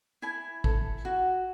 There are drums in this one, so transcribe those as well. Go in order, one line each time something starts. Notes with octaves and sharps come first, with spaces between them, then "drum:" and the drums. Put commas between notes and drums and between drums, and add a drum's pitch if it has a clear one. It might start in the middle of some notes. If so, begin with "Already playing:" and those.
E4 G#5
A4, drum: kick G#1
F#4